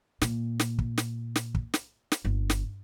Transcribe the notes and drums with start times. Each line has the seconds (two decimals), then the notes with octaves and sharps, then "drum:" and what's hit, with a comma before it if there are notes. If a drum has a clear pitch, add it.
0.22 A#2, drum: snare
0.60 drum: snare
0.79 drum: kick
0.98 drum: snare
1.36 drum: snare
1.55 drum: kick
1.74 drum: snare
2.12 drum: snare
2.25 G1
2.50 drum: snare